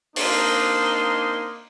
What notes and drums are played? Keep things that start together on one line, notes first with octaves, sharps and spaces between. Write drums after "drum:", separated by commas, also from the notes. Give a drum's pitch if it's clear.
A#3 C4 D4 D#4 C6, drum: open hi-hat